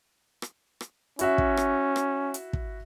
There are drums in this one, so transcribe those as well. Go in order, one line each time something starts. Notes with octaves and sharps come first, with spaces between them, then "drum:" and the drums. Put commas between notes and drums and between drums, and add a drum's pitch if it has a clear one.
drum: rim click
drum: rim click
C#4 E4 F#4 E5, drum: hi-hat
drum: kick
drum: rim click
drum: rim click
drum: hi-hat
drum: kick